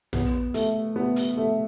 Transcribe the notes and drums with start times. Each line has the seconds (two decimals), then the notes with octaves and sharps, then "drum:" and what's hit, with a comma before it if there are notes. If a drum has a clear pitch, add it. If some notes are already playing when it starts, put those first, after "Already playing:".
0.13 B3, drum: tom A#1
0.54 A3, drum: hi-hat
0.96 B3
1.16 drum: hi-hat
1.37 A3